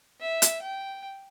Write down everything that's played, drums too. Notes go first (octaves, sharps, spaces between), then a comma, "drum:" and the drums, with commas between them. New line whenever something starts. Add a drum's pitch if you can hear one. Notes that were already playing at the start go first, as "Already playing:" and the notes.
E5
drum: hi-hat
G5